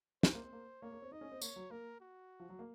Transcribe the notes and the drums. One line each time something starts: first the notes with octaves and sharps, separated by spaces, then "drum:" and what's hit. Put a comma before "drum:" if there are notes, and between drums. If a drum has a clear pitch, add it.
C#4 C5, drum: snare
A#3
C4
A#3
A#3 C#5
A#3
C4
D#4 D#5
C#4
C4
A#3 C#5, drum: tambourine
F#3
A#3 A#4
F#4
F3
F#3
A#3